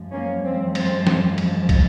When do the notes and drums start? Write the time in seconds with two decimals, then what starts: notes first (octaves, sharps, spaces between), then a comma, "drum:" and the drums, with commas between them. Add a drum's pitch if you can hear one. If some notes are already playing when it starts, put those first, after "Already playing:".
Already playing: F#2 F3 G#3
0.13 A#3 C#4
0.44 C4
0.75 C4, drum: cymbal
1.07 drum: snare
1.38 drum: cymbal
1.69 drum: kick, cymbal